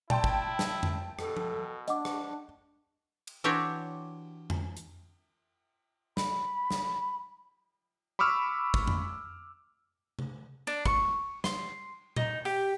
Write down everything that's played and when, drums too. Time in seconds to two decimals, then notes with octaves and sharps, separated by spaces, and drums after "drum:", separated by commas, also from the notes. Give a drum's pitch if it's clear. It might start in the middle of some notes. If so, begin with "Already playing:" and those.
0.10 E4 D5 G5 A5 C6, drum: tom A#2
0.24 drum: kick
0.59 drum: snare
0.83 drum: tom F2
1.19 B2 A4, drum: rim click
1.37 drum: tom
1.88 D4 D#5 F#5 D6, drum: hi-hat
2.05 drum: rim click
3.27 drum: cymbal
3.44 E3 C4 D4 F#4 G4 C#5
4.50 drum: tom F2
4.77 drum: hi-hat
6.17 B5, drum: snare
6.71 drum: snare
8.19 B5 C#6 D6 E6 F6
8.74 drum: kick
8.87 drum: tom F2
10.19 drum: tom C3
10.67 D4, drum: cymbal
10.86 C#6, drum: kick
11.44 C6, drum: snare
12.16 D#4, drum: tom A#2
12.45 G4, drum: open hi-hat